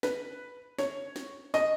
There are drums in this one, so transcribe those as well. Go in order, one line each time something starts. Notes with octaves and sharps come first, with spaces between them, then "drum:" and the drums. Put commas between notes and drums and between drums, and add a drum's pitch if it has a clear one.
B4, drum: snare
C#5, drum: snare
drum: snare
D#5, drum: snare